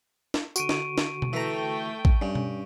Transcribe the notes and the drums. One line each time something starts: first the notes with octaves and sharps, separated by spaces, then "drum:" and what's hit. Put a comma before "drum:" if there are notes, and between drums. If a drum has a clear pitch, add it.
drum: snare
D3 F#4 C#6 D7 D#7, drum: tambourine
drum: snare
drum: snare
drum: tom B2
E3 A3 G5 A#5
drum: kick A1
G2 C#4
drum: tom B2